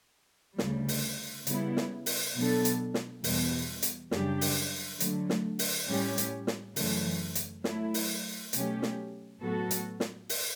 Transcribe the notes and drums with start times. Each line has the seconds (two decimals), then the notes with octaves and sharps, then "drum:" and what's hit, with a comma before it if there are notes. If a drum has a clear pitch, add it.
0.58 D2 C#3 G3, drum: snare
0.88 drum: open hi-hat
1.47 C#3 G3 B3 E4, drum: hi-hat
1.77 drum: snare
2.06 drum: open hi-hat
2.36 B2 F#3 B3 D4 A4
2.65 drum: hi-hat
2.94 drum: snare
3.24 E2 B2 G3, drum: open hi-hat
3.83 drum: hi-hat
4.11 F#2 C#3 G3 D4 G4, drum: snare
4.41 drum: open hi-hat
5.00 D3 F#3 A3, drum: hi-hat
5.30 drum: snare
5.59 drum: open hi-hat
5.88 A2 G3 C#4 G4
6.18 drum: hi-hat
6.47 drum: snare
6.76 F#2 C#3 E3 A3, drum: open hi-hat
7.35 drum: hi-hat
7.64 F#3 A3 E4, drum: snare
7.94 drum: open hi-hat
8.53 B2 F#3 A3 C#4 G4, drum: hi-hat
8.82 drum: snare
9.41 A2 F#3 B3 F#4 A4
9.71 drum: hi-hat
10.00 drum: snare
10.29 drum: open hi-hat